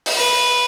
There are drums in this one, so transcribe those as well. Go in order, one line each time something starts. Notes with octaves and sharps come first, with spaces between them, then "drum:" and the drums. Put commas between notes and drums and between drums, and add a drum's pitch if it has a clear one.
drum: open hi-hat
B4